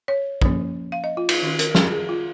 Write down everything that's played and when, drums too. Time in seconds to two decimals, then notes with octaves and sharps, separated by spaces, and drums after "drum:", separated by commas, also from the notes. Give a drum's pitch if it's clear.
0.08 C#5
0.42 F3 A#3 C#4, drum: kick
0.92 F5
1.04 D#5
1.17 F4
1.29 F4, drum: cymbal
1.42 D#3 C#4
1.59 A#4, drum: hi-hat
1.75 G#4, drum: snare
1.92 G#4
2.09 F4